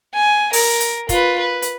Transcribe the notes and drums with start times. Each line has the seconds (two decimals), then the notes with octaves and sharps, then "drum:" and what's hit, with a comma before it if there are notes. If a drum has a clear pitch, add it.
0.15 G#5
0.53 A#4, drum: open hi-hat
0.80 drum: hi-hat
1.09 F4 B4, drum: kick, hi-hat
1.39 B4
1.62 drum: hi-hat